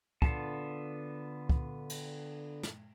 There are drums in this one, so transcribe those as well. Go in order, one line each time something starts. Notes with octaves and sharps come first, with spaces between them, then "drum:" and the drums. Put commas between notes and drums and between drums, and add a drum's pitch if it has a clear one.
D3 B3 F4 A5, drum: kick
drum: kick
drum: cymbal
drum: snare